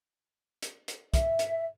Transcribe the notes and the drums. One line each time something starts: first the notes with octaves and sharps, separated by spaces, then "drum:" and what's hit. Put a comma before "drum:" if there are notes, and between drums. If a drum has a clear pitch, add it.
drum: hi-hat
drum: hi-hat
E5, drum: kick, hi-hat
drum: hi-hat